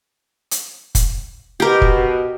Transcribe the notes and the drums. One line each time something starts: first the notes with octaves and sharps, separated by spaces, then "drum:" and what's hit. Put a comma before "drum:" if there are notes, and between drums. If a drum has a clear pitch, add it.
drum: hi-hat
drum: kick F1, hi-hat
B2 G4 A#4
drum: kick F1